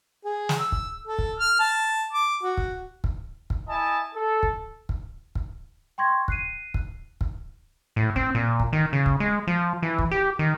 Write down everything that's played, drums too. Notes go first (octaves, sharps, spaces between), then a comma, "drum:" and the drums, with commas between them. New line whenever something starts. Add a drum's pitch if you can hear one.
G#4
drum: snare
E6
drum: kick
A4
drum: kick
F6
A5
D6
F#4
drum: kick
drum: kick
drum: kick
E4 D#5 G#5 A5
A4
drum: kick
drum: kick
drum: kick
G5 C6 C#6 G#6 A#6
F#6 C7 D#7, drum: kick
drum: kick
drum: kick
A2
C4, drum: kick
A#2
drum: kick
D#3
C#3
drum: kick
G#3
F3
E3
drum: kick
G4
D#3